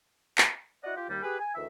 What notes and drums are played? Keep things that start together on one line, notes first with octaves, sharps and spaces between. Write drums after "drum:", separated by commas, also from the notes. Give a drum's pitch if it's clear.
drum: clap
E4 F#4 D5 D#5 F#5
F4 G4
D#2 G3
G4 G#4 B4
G#5
D2 D#3 E3 E5